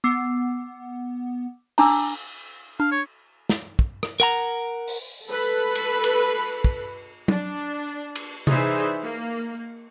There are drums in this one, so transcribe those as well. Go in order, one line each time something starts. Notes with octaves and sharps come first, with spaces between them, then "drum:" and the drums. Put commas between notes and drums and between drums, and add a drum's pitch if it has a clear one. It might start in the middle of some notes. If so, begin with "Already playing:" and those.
B3 D6 E6 C7
D4 A5 A#5 D6 E6, drum: cymbal
D4 F5
C#5
drum: snare
drum: kick
drum: rim click
A#4 F#5 A#5
drum: open hi-hat
A4 B4 B5
drum: cymbal
drum: cymbal
drum: kick
D4, drum: tom
drum: cymbal
E3 D#4 G#4 C5 D5 E5, drum: tom C3
A#3